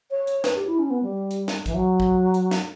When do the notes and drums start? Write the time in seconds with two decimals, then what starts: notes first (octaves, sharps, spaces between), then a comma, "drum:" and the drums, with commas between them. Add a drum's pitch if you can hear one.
0.11 C#5
0.27 drum: hi-hat
0.44 B4, drum: snare
0.56 G4
0.67 E4
0.79 C#4
0.90 B3
1.03 G3
1.31 drum: hi-hat
1.48 drum: snare
1.66 E3, drum: kick, hi-hat
1.74 F#3
2.00 drum: kick
2.34 drum: hi-hat
2.51 drum: snare